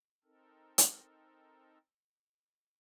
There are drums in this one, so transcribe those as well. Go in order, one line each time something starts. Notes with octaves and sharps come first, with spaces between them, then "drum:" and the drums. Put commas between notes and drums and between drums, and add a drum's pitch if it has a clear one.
C4 D#4 A4 A#4
drum: hi-hat